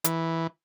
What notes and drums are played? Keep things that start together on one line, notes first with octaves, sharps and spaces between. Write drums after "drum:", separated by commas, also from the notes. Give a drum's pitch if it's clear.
E3, drum: hi-hat